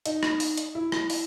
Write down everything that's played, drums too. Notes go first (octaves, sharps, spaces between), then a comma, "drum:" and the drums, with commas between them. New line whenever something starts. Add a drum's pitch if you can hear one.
D#4, drum: hi-hat
drum: rim click
drum: open hi-hat
drum: hi-hat
E4
drum: rim click
drum: open hi-hat